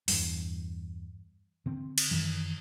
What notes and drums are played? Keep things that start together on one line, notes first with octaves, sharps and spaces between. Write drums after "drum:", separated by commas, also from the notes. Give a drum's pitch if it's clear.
E2 G2, drum: open hi-hat
D3 C4
drum: cymbal
F#2 D#3 E3